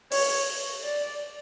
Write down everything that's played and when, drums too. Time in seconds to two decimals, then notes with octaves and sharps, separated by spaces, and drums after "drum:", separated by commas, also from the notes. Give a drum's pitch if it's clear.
0.12 C#5, drum: open hi-hat
0.84 D5